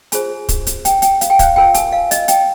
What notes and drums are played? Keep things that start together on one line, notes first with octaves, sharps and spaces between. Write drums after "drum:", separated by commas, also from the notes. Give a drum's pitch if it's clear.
F4 G#4 C5 G#5, drum: hi-hat
drum: kick, hi-hat
drum: hi-hat
G5, drum: hi-hat
G5, drum: hi-hat
F5, drum: hi-hat
G5
F5, drum: kick, hi-hat
F4 A#4 G5
G#5, drum: hi-hat
F5
D#5, drum: hi-hat
G5, drum: hi-hat